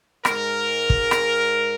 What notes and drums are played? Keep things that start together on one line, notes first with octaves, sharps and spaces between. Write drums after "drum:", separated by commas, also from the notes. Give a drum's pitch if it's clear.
G#2 G#3 A#4, drum: rim click
drum: kick
drum: rim click